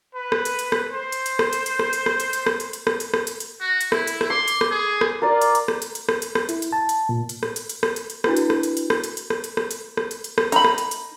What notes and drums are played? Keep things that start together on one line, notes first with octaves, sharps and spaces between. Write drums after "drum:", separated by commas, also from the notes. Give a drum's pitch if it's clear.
B4
drum: rim click
drum: hi-hat
drum: hi-hat
drum: rim click
C5
drum: hi-hat
drum: hi-hat
drum: rim click
drum: hi-hat
drum: hi-hat
drum: rim click
drum: hi-hat
drum: rim click
drum: hi-hat
drum: hi-hat
drum: rim click
drum: hi-hat
drum: hi-hat
drum: rim click
drum: hi-hat
drum: rim click
drum: hi-hat
drum: hi-hat
F#4
drum: hi-hat
E4, drum: rim click
drum: hi-hat
drum: rim click
C6 D6
drum: hi-hat
drum: rim click
G#4
drum: rim click
F4 A#4 D5
drum: hi-hat
drum: hi-hat
drum: rim click
drum: hi-hat
drum: hi-hat
drum: rim click
drum: hi-hat
drum: rim click
E4, drum: hi-hat
drum: hi-hat
A5
drum: hi-hat
A#2
drum: hi-hat
drum: rim click
drum: hi-hat
drum: hi-hat
drum: rim click
drum: hi-hat
drum: hi-hat
D4 E4 F#4 B4, drum: rim click
drum: hi-hat
drum: rim click
drum: hi-hat
drum: hi-hat
drum: rim click
drum: hi-hat
drum: hi-hat
drum: rim click
drum: hi-hat
drum: rim click
drum: hi-hat
drum: rim click
drum: hi-hat
drum: hi-hat
drum: rim click
D#4 B5, drum: hi-hat
drum: rim click
drum: hi-hat
drum: hi-hat